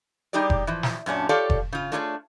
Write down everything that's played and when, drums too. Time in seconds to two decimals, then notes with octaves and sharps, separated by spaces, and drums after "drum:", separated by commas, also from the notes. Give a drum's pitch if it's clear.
0.33 G3 D#4 G4 G#4 D5
0.50 drum: kick F1
0.67 E3 F3
0.83 drum: snare
1.06 F#2 A#2 C#4 D4
1.29 F4 G4 A4 C#5 D5 F5
1.50 drum: kick F1
1.72 C#3 F4
1.92 A3 D4 F4 G#4 A#4 C#5